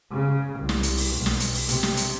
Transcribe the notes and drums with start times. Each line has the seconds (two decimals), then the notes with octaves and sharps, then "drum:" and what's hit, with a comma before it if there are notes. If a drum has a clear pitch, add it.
0.11 C#3
0.60 C2
0.69 drum: snare
0.83 drum: hi-hat
0.97 drum: open hi-hat
1.16 B1
1.26 drum: snare
1.40 drum: hi-hat
1.54 drum: open hi-hat
1.69 C3, drum: hi-hat
1.83 drum: snare
1.97 drum: hi-hat